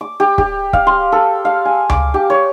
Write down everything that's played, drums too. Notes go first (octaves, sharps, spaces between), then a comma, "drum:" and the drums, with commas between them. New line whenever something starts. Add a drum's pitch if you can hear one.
D6
G4
G4, drum: kick
F5, drum: kick
C6
A4
F5
G#5
D6, drum: tom C#2
G4
C#5